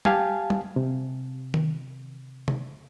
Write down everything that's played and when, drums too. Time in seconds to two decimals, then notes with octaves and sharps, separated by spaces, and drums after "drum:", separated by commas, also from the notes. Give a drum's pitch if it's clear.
0.05 G4 F5 G#5 A5, drum: tom G3
0.50 drum: tom G3
0.76 C3
1.54 drum: tom D#3
2.48 drum: tom C3